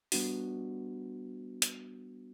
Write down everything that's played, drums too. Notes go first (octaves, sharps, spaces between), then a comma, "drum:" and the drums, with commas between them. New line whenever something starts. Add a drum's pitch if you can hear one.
G3 B3 D4 F#4, drum: open hi-hat
drum: hi-hat